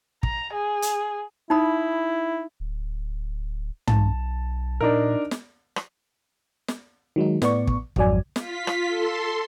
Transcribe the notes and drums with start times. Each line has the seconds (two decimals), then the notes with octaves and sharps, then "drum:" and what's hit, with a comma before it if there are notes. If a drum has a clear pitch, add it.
0.23 A#5, drum: kick
0.54 G#4
0.82 drum: hi-hat
1.50 D#4 E4 B5 D#6
2.60 D1
3.87 B1 A5, drum: tom
4.81 A#2 D4 D#4 A#4
5.31 drum: snare
5.76 drum: rim click
6.68 drum: snare
7.16 D#3 F#3 G#3 D#4
7.42 A2 B3 D5 C#6, drum: snare
7.67 drum: kick
7.96 G#1 F2 G#2 F#3 D5 G#5, drum: kick
8.36 F4 B6, drum: snare
8.67 drum: rim click
8.87 A4 C6